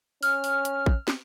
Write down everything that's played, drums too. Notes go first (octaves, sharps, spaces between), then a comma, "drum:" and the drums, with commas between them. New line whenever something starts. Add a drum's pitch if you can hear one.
C#4 F6, drum: open hi-hat
drum: open hi-hat
drum: hi-hat
drum: kick
drum: snare